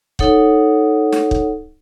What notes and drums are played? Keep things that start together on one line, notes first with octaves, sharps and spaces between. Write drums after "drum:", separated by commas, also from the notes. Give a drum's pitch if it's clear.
D#4 A4 C#5 F#5, drum: kick
drum: snare
drum: kick